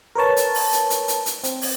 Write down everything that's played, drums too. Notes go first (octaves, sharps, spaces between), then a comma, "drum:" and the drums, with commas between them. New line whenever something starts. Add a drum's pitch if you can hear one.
A#4 B4 C#5 A5
drum: hi-hat
drum: open hi-hat
drum: hi-hat
drum: hi-hat
drum: hi-hat
drum: hi-hat
C4, drum: hi-hat
drum: open hi-hat